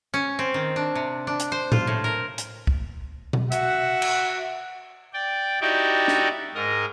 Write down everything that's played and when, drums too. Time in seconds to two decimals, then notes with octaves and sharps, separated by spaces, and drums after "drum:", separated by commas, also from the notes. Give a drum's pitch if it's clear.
0.14 C#4
0.39 C4
0.54 D#3
0.76 D4
0.95 C3
1.27 D4
1.40 drum: hi-hat
1.52 C5
1.72 F4, drum: tom A2
1.87 A2
2.04 A#4
2.38 drum: hi-hat
2.67 drum: kick
3.33 drum: tom B2
3.52 F#4 E5 F#5, drum: hi-hat
4.02 drum: cymbal
5.13 D5 G5
5.61 D#4 E4 F#4 G4 D5 G5
6.08 drum: snare
6.54 G#2 A#4 D#5